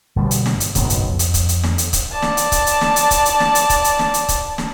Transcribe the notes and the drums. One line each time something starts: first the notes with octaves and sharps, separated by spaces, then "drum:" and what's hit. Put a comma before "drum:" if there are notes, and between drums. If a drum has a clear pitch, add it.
G1 B2 G3
drum: hi-hat
drum: snare
drum: hi-hat
F#1 B1 G#2 B2, drum: kick C#1, hi-hat
drum: hi-hat
F2
drum: hi-hat
drum: kick C#1, hi-hat
drum: hi-hat
drum: snare
drum: hi-hat
drum: kick C#1, hi-hat
D5 A5
drum: snare
drum: hi-hat
drum: kick C#1, hi-hat
drum: hi-hat
drum: snare
drum: hi-hat
drum: kick C#1, hi-hat
drum: hi-hat
drum: snare
drum: hi-hat
drum: kick C#1, hi-hat
drum: hi-hat
drum: snare
drum: hi-hat
drum: kick C#1, hi-hat
drum: snare